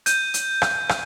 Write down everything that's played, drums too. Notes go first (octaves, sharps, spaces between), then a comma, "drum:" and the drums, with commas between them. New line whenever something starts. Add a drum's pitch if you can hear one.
G6 D#7, drum: hi-hat
drum: hi-hat
drum: rim click
drum: rim click